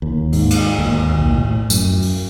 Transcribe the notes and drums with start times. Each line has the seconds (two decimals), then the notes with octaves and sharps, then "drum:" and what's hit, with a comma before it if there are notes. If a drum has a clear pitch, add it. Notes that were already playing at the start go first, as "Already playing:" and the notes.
0.02 D#2
0.33 G#2, drum: open hi-hat
0.50 drum: cymbal
0.79 D#2
1.18 B1
1.31 A2
1.70 F#2, drum: tambourine
2.02 drum: open hi-hat